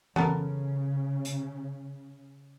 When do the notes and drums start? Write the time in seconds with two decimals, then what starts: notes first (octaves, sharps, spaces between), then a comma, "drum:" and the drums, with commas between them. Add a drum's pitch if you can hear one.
0.16 C#3 B3 A4 A#4, drum: tom E3
1.25 drum: hi-hat